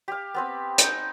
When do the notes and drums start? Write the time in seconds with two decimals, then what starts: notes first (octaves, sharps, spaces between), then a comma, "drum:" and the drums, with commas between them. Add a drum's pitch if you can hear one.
0.08 G4 F5
0.34 B3 C4 B4
0.78 D#4 G#5, drum: hi-hat